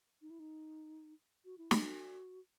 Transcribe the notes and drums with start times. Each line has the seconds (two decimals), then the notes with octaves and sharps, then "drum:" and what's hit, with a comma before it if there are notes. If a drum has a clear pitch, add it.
0.22 D#4
0.30 E4
0.40 D#4
1.45 F#4
1.58 E4
1.71 F#4, drum: snare